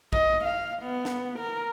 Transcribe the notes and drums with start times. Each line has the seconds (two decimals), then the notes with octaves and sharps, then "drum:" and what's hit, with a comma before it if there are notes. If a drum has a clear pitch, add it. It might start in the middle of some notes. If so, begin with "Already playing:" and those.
0.13 D#5, drum: kick A#1
0.45 F5
0.82 B3
1.05 drum: snare
1.40 A#4